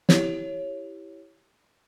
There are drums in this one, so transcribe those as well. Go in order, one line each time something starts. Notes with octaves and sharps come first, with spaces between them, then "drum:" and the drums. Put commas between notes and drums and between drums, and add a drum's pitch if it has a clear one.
E4 G4 C#5, drum: snare